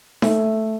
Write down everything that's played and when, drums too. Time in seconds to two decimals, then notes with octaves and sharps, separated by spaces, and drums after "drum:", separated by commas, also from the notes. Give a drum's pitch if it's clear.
0.22 A3, drum: snare D#4